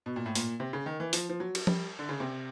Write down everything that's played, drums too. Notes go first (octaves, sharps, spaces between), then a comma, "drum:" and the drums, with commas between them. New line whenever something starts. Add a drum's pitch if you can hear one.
B2
A#2
A2
A#2, drum: open hi-hat
C3
C#3
D#3
E3
F3, drum: open hi-hat
F3
F#3
drum: cymbal
G3, drum: tom F3
D3
C#3
C3